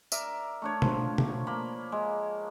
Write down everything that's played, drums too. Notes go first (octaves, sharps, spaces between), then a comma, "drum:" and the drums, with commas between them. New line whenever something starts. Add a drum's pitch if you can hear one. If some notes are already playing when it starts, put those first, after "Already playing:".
A#4 D5 E5, drum: tambourine
A3 D4 C#5
F3, drum: tom B2
drum: tom B2
A#3 B5
G#3